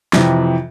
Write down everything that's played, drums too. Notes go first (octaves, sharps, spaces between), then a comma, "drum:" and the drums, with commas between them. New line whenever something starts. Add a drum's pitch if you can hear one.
F2 C3 E3, drum: snare